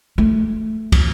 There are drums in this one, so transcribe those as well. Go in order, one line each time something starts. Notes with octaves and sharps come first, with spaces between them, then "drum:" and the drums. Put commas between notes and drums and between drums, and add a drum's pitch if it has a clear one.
A3
drum: kick, cymbal